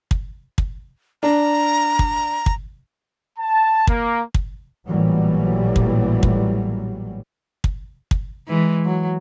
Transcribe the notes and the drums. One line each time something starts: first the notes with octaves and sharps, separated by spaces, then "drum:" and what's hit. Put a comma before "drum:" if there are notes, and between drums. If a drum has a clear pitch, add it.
drum: kick
drum: kick
D4 A#5
drum: kick
drum: kick
A5
A#3, drum: kick
drum: kick
A1 A#2 E3 F#3 G3
drum: kick
drum: kick
drum: kick
drum: kick
E3 G#3
F#3